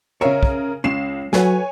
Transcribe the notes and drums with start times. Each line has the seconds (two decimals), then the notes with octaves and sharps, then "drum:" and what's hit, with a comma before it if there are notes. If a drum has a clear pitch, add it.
0.21 C#3 A#4 C#5 E5 F5
0.43 drum: kick
0.84 C#2 G#3 C#4 C7 E7
1.33 F#3 A4 B4 C#5 F#5 G#5, drum: snare